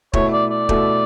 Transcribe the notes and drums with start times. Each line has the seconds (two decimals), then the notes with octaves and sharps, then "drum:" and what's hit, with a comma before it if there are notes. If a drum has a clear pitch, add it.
0.13 B2 A3 E4 A4 C#5 E5, drum: kick
0.32 D5
0.51 D5
0.69 B2 A3 E4 A4 E5, drum: kick